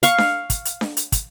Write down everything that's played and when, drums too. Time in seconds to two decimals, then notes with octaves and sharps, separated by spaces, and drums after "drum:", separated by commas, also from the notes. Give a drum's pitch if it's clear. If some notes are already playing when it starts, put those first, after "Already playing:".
0.03 F5 C#6, drum: hi-hat
0.18 drum: snare D4
0.50 drum: kick, hi-hat
0.65 drum: hi-hat
0.81 drum: snare D4
0.97 drum: hi-hat
1.12 drum: kick, hi-hat